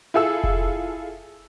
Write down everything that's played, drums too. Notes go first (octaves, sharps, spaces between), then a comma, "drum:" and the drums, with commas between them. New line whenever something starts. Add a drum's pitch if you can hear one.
E4 F4 G#4 A4 E6
drum: kick F1